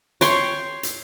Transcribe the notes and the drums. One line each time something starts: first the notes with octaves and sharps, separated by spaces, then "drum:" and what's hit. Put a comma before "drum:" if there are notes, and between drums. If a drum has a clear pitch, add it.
C#5 G5 C6, drum: hi-hat
drum: hi-hat